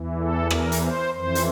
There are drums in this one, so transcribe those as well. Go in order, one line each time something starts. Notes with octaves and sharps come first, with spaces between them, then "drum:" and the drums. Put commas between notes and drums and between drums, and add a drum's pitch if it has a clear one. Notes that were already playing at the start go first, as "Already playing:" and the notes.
Already playing: E2 E3
A4
A#4, drum: rim click
drum: hi-hat
C5
F2 E3 C5
drum: hi-hat